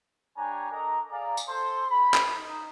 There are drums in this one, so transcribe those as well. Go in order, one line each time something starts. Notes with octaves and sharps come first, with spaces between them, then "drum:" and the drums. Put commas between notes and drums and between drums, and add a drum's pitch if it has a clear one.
G3 D4 C#5 G5 G#5 A#5
D4 A4 A#4 D#5 A#5
G#4 D5 F5 A#5
drum: tambourine
A4 C5 C6
B5
drum: clap
D#4